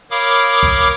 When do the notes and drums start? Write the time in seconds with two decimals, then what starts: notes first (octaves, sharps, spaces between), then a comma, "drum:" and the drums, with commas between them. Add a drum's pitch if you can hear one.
0.11 A#4 C#5 F5 B5 D6 D#6
0.63 drum: kick B1